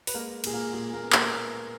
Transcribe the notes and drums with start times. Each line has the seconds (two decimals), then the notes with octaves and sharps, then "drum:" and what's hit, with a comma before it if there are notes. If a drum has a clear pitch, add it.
0.07 B4, drum: open hi-hat
0.14 G#3 A#3 A#4
0.44 A#2 G#4, drum: cymbal
0.53 A#3 A#4
0.73 A#2 G#4
0.93 A#3 A#4
1.03 B3
1.13 A#3 A#4, drum: clap